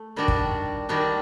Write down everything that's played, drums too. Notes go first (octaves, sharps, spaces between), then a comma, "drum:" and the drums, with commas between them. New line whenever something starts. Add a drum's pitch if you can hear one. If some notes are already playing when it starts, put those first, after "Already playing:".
Already playing: A3
D#3 G3 D4 F#4
drum: kick
D#3 G3 D4 F#4